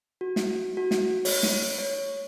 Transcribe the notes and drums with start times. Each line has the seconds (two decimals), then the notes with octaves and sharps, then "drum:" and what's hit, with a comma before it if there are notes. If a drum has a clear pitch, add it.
0.21 F#4
0.36 drum: snare
0.77 F#4
0.91 drum: snare
1.25 C#5, drum: open hi-hat
1.43 drum: snare
1.78 C#5